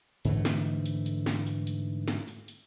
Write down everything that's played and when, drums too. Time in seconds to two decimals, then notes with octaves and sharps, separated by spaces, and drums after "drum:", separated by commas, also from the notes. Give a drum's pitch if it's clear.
0.25 G#2 D3 E3 A3, drum: hi-hat
0.45 drum: snare
0.86 drum: hi-hat
1.06 drum: hi-hat
1.26 drum: snare
1.47 drum: hi-hat
1.67 drum: hi-hat
2.08 drum: snare
2.28 drum: hi-hat
2.48 drum: hi-hat